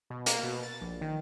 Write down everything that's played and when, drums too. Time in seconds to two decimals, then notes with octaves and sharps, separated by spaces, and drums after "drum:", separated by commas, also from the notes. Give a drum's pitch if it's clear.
0.10 B2
0.26 A#3, drum: hi-hat
0.43 B2
0.63 A6
0.81 A#1
1.01 D#3